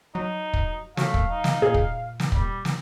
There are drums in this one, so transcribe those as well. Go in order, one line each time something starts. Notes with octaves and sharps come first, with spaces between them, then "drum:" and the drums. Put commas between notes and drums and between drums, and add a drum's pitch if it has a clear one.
F#3 D#4
drum: kick
F#3 A3 F5, drum: snare
drum: kick
D#4
drum: snare
A#2 G#4
drum: kick
drum: snare
G3, drum: kick
drum: snare